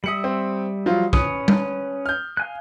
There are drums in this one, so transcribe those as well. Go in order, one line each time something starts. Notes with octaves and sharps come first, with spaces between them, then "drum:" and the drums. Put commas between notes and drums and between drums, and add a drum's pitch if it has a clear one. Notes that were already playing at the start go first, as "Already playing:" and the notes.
G3 E5 D#6 C#7 F#7
C4
F3 F#3 F4
C#4 B4 C#5 D#6, drum: kick
drum: tom G3
F6 G6
F5 G#5 F#6